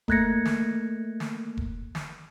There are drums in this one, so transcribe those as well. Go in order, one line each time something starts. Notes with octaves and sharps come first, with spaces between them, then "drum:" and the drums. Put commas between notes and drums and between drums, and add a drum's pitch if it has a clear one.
A3 A#3 F#6 G#6 A#6 C#7, drum: kick E1
drum: snare
drum: snare
drum: kick E1
drum: snare